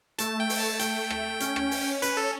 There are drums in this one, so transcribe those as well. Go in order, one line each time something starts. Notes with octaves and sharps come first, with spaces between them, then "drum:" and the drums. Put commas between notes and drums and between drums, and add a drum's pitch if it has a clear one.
A3 A5, drum: hi-hat
G5
drum: open hi-hat
A5
G5, drum: hi-hat
drum: rim click
C#4, drum: hi-hat
drum: rim click
drum: open hi-hat
B4, drum: hi-hat
A4